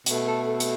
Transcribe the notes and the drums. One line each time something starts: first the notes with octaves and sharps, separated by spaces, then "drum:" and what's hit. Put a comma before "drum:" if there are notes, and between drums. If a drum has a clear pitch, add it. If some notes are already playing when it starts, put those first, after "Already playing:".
B2 A3, drum: hi-hat
A4
A4
drum: hi-hat